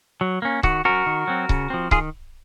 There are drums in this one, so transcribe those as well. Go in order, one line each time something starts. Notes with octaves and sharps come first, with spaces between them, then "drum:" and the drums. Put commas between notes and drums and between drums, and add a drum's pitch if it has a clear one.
F#3
A#3 C#4
D#3 F#4, drum: kick C#1
F#3 C#4 F#4 A#4
D#3
F#3 C4
C#3, drum: kick C#1
F3 C4
D#3 F4 G#4, drum: kick C#1